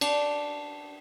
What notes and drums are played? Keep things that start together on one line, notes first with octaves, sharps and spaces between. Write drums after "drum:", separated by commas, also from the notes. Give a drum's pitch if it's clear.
D4, drum: cymbal